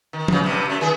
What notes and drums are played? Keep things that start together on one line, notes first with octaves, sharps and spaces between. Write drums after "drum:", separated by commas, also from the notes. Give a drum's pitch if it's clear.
D#3
G2 C#3, drum: tom F#3
G2 C3
F#2 A3
D#3 G#4